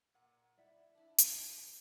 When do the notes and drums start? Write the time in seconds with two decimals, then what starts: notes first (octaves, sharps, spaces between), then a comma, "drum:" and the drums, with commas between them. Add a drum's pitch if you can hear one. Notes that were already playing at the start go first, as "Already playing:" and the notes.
0.14 A#2 F#5
0.58 E4 D5 E5 F#5
0.95 D4 E4
1.18 drum: hi-hat
1.45 A4 C5